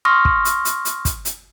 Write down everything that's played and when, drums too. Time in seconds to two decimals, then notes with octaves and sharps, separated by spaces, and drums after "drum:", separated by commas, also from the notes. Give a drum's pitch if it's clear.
0.05 C6 C#6 D#6 F6 A#6
0.25 drum: kick
0.45 drum: hi-hat
0.65 drum: hi-hat
0.85 drum: hi-hat
1.05 drum: kick, hi-hat
1.25 drum: hi-hat